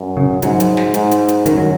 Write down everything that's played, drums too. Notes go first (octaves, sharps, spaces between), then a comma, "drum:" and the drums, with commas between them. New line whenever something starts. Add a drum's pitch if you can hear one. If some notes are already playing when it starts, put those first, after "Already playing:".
Already playing: F#2
C#3
G#2 F#3, drum: hi-hat
drum: hi-hat
drum: snare
G#2, drum: hi-hat
drum: hi-hat
drum: hi-hat
F#2 D#3, drum: hi-hat
F#3